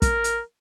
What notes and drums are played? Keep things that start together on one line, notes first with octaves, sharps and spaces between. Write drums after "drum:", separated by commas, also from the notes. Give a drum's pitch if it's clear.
A#4, drum: kick, hi-hat
drum: hi-hat